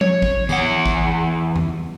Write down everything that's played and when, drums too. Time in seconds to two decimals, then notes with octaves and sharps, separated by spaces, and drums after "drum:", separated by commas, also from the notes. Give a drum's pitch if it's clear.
0.01 C#5, drum: tom F3
0.22 drum: kick A1
0.49 E2 F#5, drum: tambourine
0.86 drum: kick A1
1.56 drum: tom E2